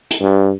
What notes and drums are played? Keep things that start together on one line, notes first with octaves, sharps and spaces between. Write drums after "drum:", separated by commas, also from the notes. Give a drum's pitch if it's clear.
drum: hi-hat
G2